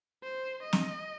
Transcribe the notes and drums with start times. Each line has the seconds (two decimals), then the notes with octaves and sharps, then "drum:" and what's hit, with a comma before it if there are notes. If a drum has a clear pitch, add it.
0.23 C5
0.63 D#5
0.73 drum: snare